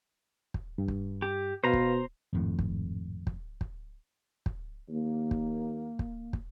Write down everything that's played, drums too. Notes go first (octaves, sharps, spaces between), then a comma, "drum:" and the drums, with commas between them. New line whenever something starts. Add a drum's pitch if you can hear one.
drum: kick
G2
drum: kick
G4
B2 B4 C5 F5 A#5
drum: kick
G#1 F2 A2
drum: kick
drum: kick
drum: kick
drum: kick
D#2 A#3
drum: kick
drum: kick
drum: kick